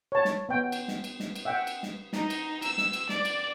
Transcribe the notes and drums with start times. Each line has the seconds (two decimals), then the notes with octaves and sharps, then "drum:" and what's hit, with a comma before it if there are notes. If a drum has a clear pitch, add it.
0.12 C#5 A5
0.25 drum: snare
0.49 B3 G5
0.72 drum: cymbal
0.88 drum: snare
1.04 drum: cymbal
1.20 drum: snare
1.36 drum: cymbal
1.45 E5 F#5 G5
1.67 drum: cymbal
1.83 drum: snare
2.13 D#4, drum: snare
2.30 drum: cymbal
2.62 E6, drum: cymbal
2.78 drum: snare
2.93 drum: cymbal
3.09 D5, drum: snare
3.25 drum: cymbal